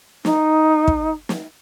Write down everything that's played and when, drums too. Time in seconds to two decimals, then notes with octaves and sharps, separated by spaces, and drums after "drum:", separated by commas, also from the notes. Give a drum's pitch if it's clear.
0.25 D#4, drum: snare
0.88 drum: kick
1.29 drum: snare